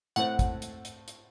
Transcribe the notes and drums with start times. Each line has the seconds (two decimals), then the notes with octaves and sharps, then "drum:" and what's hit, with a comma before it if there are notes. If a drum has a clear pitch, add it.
0.16 A2 A3 C4 F#5, drum: hi-hat
0.39 drum: kick, hi-hat
0.62 drum: hi-hat
0.85 drum: hi-hat
1.08 drum: hi-hat